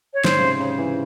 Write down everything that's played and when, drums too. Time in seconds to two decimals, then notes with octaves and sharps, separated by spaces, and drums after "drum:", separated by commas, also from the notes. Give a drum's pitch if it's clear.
0.14 C#5
0.24 G#2 C5, drum: snare
0.39 C#3
0.42 C3
0.60 C#3
0.79 E3